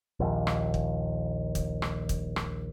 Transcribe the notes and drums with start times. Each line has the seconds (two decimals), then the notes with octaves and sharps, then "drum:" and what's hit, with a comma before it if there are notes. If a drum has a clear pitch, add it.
0.20 A#1 D#2
0.47 drum: rim click
0.74 drum: kick
1.55 drum: kick, hi-hat
1.82 drum: rim click
2.09 drum: kick, hi-hat
2.36 drum: rim click